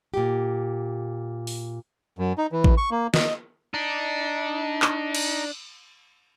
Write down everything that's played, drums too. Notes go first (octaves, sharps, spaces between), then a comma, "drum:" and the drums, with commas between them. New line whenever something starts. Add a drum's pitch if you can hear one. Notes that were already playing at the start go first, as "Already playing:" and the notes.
A#2 G4
drum: open hi-hat
F#2
D#4
E3
drum: kick A1
C#6
A#3
D#5, drum: snare
D4 D#4
drum: clap
drum: cymbal